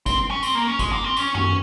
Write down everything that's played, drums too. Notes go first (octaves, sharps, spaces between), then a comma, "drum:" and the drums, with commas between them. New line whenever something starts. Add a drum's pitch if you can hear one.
C4, drum: kick F#1, tambourine
C#4
C4, drum: tambourine
A#3
C#4
G#3, drum: kick F#1, tambourine
A#3
C4
C#4, drum: tambourine
C#4, drum: tom F#2